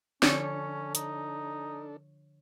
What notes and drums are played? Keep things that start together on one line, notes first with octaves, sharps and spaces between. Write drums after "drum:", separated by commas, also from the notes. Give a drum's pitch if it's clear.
D3 F3 C#4 D4 A4 C#5 D5 C#7, drum: snare
D#4, drum: hi-hat